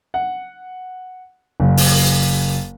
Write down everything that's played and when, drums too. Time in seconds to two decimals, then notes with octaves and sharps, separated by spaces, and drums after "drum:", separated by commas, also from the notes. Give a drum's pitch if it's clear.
0.14 F#5
1.60 F#1
1.77 drum: open hi-hat